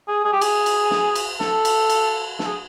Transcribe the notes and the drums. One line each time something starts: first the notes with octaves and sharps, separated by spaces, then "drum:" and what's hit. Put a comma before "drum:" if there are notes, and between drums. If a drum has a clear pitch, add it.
G#4
G#4
G4
G#4, drum: cymbal
drum: cymbal
drum: snare
drum: cymbal
A4, drum: snare
drum: cymbal
drum: cymbal
A4, drum: snare
G#4